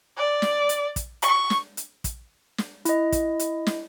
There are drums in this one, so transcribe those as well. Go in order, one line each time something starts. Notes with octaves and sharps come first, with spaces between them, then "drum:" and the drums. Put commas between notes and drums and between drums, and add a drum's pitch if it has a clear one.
D5
drum: snare
drum: hi-hat
drum: kick, hi-hat
C#6, drum: hi-hat
drum: snare
drum: hi-hat
drum: kick, hi-hat
drum: snare
E4 D#5, drum: hi-hat
drum: kick, hi-hat
drum: hi-hat
drum: snare